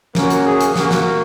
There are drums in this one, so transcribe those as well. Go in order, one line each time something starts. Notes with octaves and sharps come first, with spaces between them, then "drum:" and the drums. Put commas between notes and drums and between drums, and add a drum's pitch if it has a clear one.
A#3 C#4 F#4 A#4, drum: snare
drum: hi-hat
G#4
drum: hi-hat
A#3 F#4, drum: snare
drum: snare